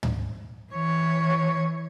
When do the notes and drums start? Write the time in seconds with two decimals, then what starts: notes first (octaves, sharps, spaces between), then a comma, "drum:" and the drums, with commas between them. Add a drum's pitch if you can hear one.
0.03 drum: tom
0.73 E3 C#5